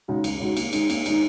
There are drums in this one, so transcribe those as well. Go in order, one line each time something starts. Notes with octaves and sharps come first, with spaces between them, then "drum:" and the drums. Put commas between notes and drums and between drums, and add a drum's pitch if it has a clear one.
C#3 G#3 D#4 F#4
C#2, drum: cymbal
C#3 G#3 D#4 F#4
D#2, drum: cymbal
D#3 G#3 D#4, drum: cymbal
D#2, drum: cymbal
D#3 G#3 D#4, drum: cymbal